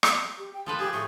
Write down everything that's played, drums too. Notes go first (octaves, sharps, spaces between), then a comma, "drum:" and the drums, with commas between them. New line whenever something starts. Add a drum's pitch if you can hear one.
drum: rim click
G4
G5
F3 A4 B4 C6
G4 G#4
A2 C#6